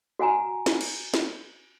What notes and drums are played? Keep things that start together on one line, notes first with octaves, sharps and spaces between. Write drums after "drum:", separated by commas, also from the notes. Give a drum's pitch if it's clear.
F#4 F#5 G#5 A#5
drum: snare
drum: cymbal
drum: snare